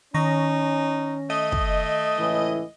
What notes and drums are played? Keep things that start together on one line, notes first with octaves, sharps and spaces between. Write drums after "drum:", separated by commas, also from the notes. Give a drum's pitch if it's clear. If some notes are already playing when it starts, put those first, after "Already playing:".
D#3 C#4 D#4 C#6 A#6
A3 D#5
drum: kick
C#2 A2 E3